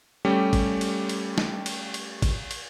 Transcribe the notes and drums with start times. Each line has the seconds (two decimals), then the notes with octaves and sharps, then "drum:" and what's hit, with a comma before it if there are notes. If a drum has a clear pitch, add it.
0.25 G3 A3 C#4 G4
0.53 drum: kick G#1, cymbal
0.81 drum: cymbal
1.09 drum: cymbal
1.38 drum: snare
1.66 drum: cymbal
1.94 drum: cymbal
2.22 drum: kick G#1, cymbal
2.51 drum: cymbal